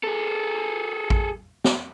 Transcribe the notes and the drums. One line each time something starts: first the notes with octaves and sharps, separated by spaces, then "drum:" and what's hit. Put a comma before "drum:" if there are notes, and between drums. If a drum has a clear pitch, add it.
G#4 A4
drum: kick A1
drum: snare